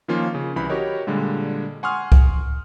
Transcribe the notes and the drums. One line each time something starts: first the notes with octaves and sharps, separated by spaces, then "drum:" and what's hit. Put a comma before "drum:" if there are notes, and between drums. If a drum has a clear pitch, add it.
D#3 F3 A#3 C#4 F4
C#3
C2 E3 B5
F#4 G4 A#4 C#5 D#5
A#2 D3 G3 G#3
F#5 G#5 C6 C#6 D#6 F6
drum: kick C2